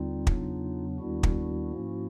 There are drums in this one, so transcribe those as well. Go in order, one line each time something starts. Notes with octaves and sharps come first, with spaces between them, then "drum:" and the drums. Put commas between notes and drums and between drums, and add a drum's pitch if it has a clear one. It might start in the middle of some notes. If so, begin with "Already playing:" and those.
Already playing: D#2 D3 G3 C4 D#4 F4
E2 C#3 F#3 B3 D4, drum: kick
D#2 D#3 G3 B3 D4 E4 F#4
drum: kick
G#2 F3 A#3 C#4